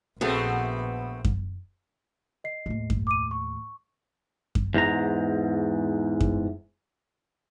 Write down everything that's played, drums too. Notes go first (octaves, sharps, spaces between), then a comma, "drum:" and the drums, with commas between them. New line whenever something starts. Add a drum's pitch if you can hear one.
A#1 A3 B3 C4 F#4 G#4 A4
drum: kick F#2
D#5 C7
D#2 A2
drum: kick F#2
D6 D#7
C#6
drum: kick F#2
E2 G#2 A#5
drum: kick F#2